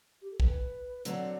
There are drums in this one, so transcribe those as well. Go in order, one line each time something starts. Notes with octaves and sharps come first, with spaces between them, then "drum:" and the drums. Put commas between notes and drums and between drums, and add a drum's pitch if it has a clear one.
G4
A4
B4, drum: kick
D3 F#3 C4 D5, drum: hi-hat